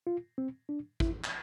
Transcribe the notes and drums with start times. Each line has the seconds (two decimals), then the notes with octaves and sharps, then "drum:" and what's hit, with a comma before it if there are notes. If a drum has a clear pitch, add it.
0.07 F4
0.38 C4
0.69 D4
1.00 E4, drum: kick G#1
1.24 drum: clap